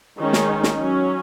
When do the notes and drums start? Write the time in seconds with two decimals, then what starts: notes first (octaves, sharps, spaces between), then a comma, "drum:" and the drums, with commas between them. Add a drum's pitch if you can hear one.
0.18 D#3 G#3 C#4 D#4
0.33 drum: snare
0.63 drum: snare
0.79 F#3 C#4